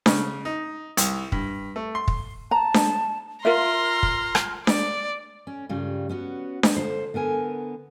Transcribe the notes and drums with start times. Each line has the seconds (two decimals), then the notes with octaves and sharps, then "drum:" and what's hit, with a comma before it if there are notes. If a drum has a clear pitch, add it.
0.06 C#3, drum: snare D4
0.45 D#4
0.97 C2, drum: hi-hat
1.32 G2, drum: kick
1.76 A3
1.95 C6
2.08 drum: kick
2.51 A5 A#5
2.74 drum: snare D4
3.45 F4 A#4 E5 A#5 C6 F6
4.03 drum: kick
4.35 drum: rim click
4.67 D5, drum: snare D4
5.47 C#4
5.69 G2 C#3 G3 F4
6.09 B3 C#4 F#4
6.63 drum: snare D4
6.76 D3 F4 C5
7.14 D3 B3 A#4 G#5